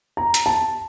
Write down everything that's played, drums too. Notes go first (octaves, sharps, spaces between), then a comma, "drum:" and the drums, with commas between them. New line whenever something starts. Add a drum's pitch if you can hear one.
A#5
drum: hi-hat
A5